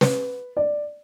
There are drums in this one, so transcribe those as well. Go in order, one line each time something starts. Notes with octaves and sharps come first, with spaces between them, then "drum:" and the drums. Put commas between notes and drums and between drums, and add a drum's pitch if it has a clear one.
B4, drum: snare
D5